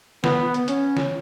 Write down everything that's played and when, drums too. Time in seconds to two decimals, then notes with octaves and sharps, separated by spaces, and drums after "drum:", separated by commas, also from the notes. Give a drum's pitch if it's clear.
0.24 B3, drum: snare
0.54 drum: hi-hat
0.68 C#4, drum: hi-hat
0.97 drum: snare